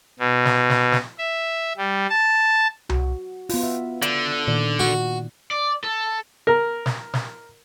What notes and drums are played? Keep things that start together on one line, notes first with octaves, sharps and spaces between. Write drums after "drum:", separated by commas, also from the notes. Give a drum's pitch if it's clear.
B2
drum: snare
drum: snare
drum: snare
E5
G3
A5
F#4, drum: tom C2
B3 F4, drum: open hi-hat
E5
D3, drum: hi-hat
A#2 D#3 D5
F#4
D5
A4
A#4
drum: snare
drum: snare